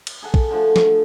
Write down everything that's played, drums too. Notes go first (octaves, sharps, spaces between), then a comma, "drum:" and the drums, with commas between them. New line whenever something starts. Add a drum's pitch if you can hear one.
drum: cymbal
G#4 A4 F#5
drum: kick A#1
D3 F3 A3
drum: snare